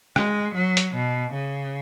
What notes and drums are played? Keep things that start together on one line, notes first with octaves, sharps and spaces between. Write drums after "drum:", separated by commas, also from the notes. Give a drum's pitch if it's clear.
G#3, drum: rim click
F#3
drum: hi-hat
B2
C#3